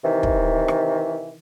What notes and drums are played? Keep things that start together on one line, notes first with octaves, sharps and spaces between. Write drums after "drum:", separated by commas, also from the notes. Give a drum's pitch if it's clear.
C3 D#3 E3
drum: kick
drum: rim click